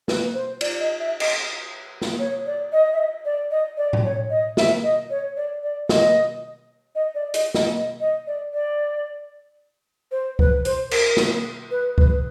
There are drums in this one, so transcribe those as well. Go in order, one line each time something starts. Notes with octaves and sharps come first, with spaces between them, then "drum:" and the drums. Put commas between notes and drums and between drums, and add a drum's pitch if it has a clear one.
B4, drum: snare
C5
D5, drum: cymbal
D#5
E5
D#5, drum: cymbal
drum: snare
C#5
D5
D#5
E5
D#5
D5
D#5
D5
drum: tom A2
C#5
D#5
E5, drum: snare
D#5
C#5
D5
D5
D#5, drum: snare
D#5
D5
D#5, drum: hi-hat
D#5, drum: snare
D#5
D#5
D5
D5
C5
B4, drum: kick C#2
C5, drum: hi-hat
A#4, drum: cymbal
drum: snare
B4
B4, drum: kick C#2